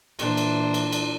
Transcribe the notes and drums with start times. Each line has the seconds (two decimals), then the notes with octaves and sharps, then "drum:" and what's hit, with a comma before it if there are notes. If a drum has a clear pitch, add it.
0.19 A#2 E3 D4 C5, drum: cymbal
0.37 drum: cymbal
0.74 drum: cymbal
0.93 drum: cymbal